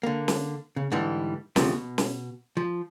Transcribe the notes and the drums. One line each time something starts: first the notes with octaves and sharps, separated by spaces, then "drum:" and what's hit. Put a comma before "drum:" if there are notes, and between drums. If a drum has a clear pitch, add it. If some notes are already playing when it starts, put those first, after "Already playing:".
D3 A#3
drum: snare
C#3
G#2 D3 E3 G3
D2 C3 E3 F3 A3, drum: snare
B2
drum: snare
F3